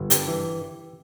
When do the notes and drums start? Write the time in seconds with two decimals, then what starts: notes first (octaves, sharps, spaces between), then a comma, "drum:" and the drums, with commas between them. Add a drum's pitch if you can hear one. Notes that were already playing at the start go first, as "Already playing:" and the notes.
Already playing: G1
0.10 G2 G4, drum: hi-hat
0.27 E3